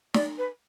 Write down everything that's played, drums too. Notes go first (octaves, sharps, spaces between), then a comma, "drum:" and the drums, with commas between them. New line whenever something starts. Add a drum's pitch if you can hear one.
D5, drum: snare
B4